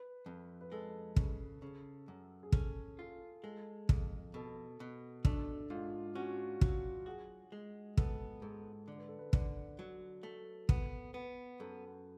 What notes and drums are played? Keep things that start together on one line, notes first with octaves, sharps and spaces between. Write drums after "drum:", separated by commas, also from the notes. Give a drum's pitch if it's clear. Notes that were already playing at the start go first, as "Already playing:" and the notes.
Already playing: B4
F2
B4
G#3 A4
C#3, drum: kick
C#3
F#2
G#4
C#4 A4, drum: kick
F4 A4
G#3 A4
F2, drum: kick
B2 A4
B2
A3 D4, drum: kick
G#2 F4
C#4 F#4
F#3, drum: kick
F#4 G#4
G#3
B3 A4, drum: kick
G#2 A4
D3
B4
A4
B4
D3, drum: kick
F#3
A3
B3, drum: kick
B3
F#2 A4